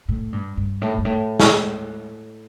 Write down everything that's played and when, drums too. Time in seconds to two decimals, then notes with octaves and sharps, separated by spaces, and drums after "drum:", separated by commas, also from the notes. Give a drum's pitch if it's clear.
0.08 A2
0.33 G2
0.57 G2
0.81 A2
0.98 G2
1.05 A2
1.40 drum: snare